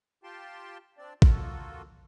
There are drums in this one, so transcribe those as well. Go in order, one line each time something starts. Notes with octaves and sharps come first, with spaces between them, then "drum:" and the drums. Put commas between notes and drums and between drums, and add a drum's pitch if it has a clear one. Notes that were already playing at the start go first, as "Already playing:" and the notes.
F4 G4 G5 A5 C6
C4 D4 D5
A#3 F4 F#4 A4, drum: kick